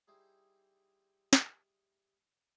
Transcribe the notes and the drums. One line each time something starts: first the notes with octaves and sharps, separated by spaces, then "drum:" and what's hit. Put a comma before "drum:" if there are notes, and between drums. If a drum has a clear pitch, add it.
G3 D#4 E4 G4 G#4 C5
drum: snare